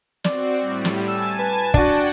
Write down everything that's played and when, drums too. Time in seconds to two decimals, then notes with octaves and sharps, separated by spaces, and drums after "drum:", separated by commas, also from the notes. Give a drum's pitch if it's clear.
0.24 C4 F#4 D5, drum: snare
0.60 A2 G3
0.85 drum: snare
1.08 G#5 A5 E6
1.39 B4
1.74 D4 F#4 F#5 G5 A5, drum: kick